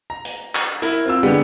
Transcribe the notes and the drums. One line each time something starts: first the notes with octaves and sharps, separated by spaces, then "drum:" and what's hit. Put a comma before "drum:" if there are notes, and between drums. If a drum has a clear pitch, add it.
A#5
drum: hi-hat
drum: clap
E4 A#4, drum: hi-hat
C4 F4 E6
D3 G#3 B3 D4 G4